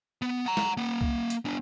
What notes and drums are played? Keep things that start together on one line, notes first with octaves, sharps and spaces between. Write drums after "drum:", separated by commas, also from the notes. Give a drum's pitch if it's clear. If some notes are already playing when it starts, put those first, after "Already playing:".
B3
F#5 A#5
drum: snare
A#3 F#5
drum: kick C2
drum: hi-hat
B3 D4